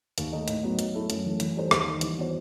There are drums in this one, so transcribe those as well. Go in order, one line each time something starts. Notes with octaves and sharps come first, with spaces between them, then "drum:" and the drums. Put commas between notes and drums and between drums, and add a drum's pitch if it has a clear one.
D#2, drum: hi-hat
D#3 A3 D#4
A2, drum: hi-hat
F#3 B3 D#4
F#3, drum: hi-hat
A3 E4
F#2, drum: hi-hat
E3 A3
E3, drum: hi-hat
G3 D#4 A4 C5
D#2, drum: rim click
D#3 G3
E3, drum: hi-hat
B3 F#4 C5